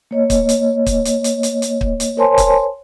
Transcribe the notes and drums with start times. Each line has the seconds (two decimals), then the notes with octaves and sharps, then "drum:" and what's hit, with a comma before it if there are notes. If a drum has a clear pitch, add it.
0.11 A#3 C#5 D#5
0.30 drum: kick, hi-hat
0.49 drum: hi-hat
0.86 drum: kick, hi-hat
1.05 drum: hi-hat
1.24 drum: hi-hat
1.43 drum: hi-hat
1.62 drum: hi-hat
1.81 drum: kick
2.00 drum: hi-hat
2.17 A#4 C5 C#5 G#5 A5 C6
2.38 drum: kick, hi-hat